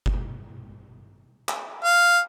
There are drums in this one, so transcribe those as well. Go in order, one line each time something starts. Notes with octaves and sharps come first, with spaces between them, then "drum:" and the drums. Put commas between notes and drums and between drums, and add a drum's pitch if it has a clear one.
drum: kick G1
drum: clap
F5